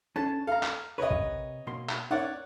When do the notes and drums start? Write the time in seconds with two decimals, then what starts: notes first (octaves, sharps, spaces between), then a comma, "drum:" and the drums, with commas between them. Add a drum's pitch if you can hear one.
0.16 C#4 D4 A4 A5
0.47 A4 F5 A#5
0.63 drum: clap
0.98 C3 A#4 B4 C#5 D#5
1.11 drum: kick
1.67 B2 A#3 C6
1.90 drum: clap
2.11 D#4 A#4 C#5 D5 F#5